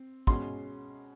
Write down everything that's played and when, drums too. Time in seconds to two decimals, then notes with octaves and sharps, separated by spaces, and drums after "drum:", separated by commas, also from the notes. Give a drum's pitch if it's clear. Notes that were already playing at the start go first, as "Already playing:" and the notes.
Already playing: C4
0.27 B2 G#3 C#4 C6, drum: kick